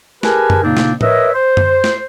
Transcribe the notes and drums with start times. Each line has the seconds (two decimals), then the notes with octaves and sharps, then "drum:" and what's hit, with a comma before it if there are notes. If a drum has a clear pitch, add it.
0.23 G4 G#4 A#4 B4 G#5 A5, drum: snare
0.50 drum: tom F#2
0.63 A#2 C#3 A#3 C4 D4 D#4
0.77 drum: snare
1.01 A#4 B4 C#5 D#5 E5, drum: tom A2
1.34 C5
1.57 drum: tom F#2
1.84 drum: snare